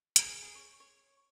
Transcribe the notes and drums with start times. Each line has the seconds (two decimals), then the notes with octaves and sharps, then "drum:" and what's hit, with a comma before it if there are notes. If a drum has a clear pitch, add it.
0.16 G#4, drum: hi-hat
0.42 G#4
0.55 C#5
0.80 C#5